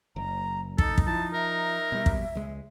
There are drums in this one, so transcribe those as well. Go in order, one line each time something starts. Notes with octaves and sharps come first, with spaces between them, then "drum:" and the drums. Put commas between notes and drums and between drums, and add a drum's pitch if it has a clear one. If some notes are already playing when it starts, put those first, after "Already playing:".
F#1 A#5
D#4 A4, drum: kick
drum: kick
F3 E4 A5
A#4 E5
B2 G3
drum: kick
C#2 G#3